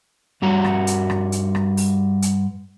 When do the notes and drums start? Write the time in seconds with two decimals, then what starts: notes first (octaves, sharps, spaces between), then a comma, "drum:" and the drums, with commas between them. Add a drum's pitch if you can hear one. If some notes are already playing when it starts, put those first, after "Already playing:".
0.42 G2 G3 F#4 A#5
0.64 drum: rim click
0.87 drum: hi-hat
1.10 drum: rim click
1.32 drum: hi-hat
1.55 drum: rim click
1.77 drum: open hi-hat
2.22 drum: hi-hat